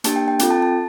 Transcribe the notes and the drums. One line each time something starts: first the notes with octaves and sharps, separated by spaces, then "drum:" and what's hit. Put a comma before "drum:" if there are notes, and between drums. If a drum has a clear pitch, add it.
A#3 D4 G4 A5, drum: hi-hat
G5
G5
C4 F4 A4 G5, drum: hi-hat
A5
A5